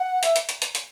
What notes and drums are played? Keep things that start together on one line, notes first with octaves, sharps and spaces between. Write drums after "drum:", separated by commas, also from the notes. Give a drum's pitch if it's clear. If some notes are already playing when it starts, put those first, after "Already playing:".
Already playing: F#5
E5, drum: hi-hat
drum: hi-hat
drum: hi-hat
drum: hi-hat
drum: hi-hat